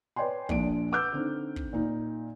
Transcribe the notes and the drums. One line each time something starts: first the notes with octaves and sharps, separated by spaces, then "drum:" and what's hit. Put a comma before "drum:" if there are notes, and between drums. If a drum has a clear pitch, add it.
B4 C#5 D5 G5 G#5 C6
A#1 A#2 D4 D7, drum: kick
B4 F#5 D6 E6 F6 G6
D3 C4 D#4
drum: kick
A#2 D#4